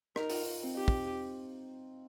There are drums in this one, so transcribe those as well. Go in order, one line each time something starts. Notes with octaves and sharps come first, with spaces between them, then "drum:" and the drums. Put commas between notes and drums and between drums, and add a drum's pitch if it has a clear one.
D#4 A#4, drum: rim click
F4, drum: open hi-hat
D#4
C4
D#4 G4
drum: kick